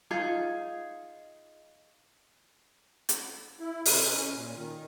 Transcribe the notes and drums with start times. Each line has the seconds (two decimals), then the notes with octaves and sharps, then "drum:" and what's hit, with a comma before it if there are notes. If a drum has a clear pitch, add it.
0.11 D#4 F4 G#4
3.09 drum: hi-hat
3.60 E4
3.85 C3, drum: open hi-hat
4.03 C#4
4.34 A#2
4.53 D#3